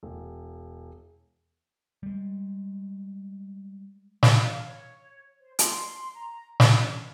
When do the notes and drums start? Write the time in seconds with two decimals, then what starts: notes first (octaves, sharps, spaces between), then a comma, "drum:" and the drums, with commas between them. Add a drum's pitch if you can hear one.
0.03 E1
2.03 G3 G#3
4.23 drum: snare
4.34 F5
4.66 C#5
5.41 C5
5.59 C6, drum: hi-hat
6.15 A#5
6.60 C#4, drum: snare